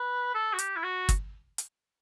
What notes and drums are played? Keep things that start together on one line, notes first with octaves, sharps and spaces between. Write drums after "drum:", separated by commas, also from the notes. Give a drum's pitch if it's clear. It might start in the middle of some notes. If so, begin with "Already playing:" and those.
Already playing: B4
A4
F#4
G4, drum: hi-hat
E4
F#4
drum: kick, hi-hat
drum: hi-hat